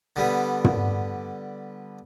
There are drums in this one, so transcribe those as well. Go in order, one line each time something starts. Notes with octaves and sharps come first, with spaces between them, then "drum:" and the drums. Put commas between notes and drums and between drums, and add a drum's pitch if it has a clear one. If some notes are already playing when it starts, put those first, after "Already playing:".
D3 G3 B3
drum: tom